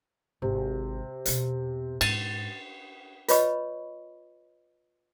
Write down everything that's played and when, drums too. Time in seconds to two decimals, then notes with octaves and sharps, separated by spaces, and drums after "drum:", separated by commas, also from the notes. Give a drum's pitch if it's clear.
0.42 G#1 C3
1.26 E2 B2, drum: hi-hat
2.01 G#2 A6 D#7, drum: cymbal
3.28 F4 B4 C#5 D#5 B5 C#6, drum: hi-hat